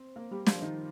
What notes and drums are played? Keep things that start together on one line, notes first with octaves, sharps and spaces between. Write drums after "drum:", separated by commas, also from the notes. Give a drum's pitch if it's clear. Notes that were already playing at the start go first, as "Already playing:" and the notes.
Already playing: C4 C5
A#3 A#4
G3 G4
F3 F4, drum: snare
D#3 D#4